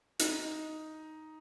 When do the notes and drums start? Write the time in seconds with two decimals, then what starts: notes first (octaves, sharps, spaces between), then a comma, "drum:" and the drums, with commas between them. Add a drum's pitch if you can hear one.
0.19 D#4, drum: hi-hat